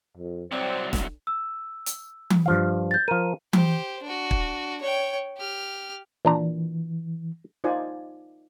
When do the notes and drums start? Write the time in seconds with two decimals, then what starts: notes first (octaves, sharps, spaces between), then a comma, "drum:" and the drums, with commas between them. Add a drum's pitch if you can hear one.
0.17 F2
0.52 C2 F#3 C4 C5 D5
0.93 drum: snare E1
1.27 E6
1.86 drum: hi-hat
2.30 drum: tom E3
2.46 G2 F3 F5
2.91 G6 A6
3.08 F3 A#4 D#7
3.53 G4 C5, drum: tom E3
4.03 D4 F#4
4.31 drum: kick
4.81 C#5 G5
5.37 G4 F6
6.25 A#2 E3 D4 A#5
7.64 D#4 F4 C5 D5 G#5